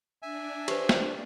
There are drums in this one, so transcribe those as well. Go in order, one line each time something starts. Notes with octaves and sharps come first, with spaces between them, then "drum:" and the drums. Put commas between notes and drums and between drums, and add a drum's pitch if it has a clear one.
D4 E5 G#5
G4 B4 C5, drum: cymbal
drum: snare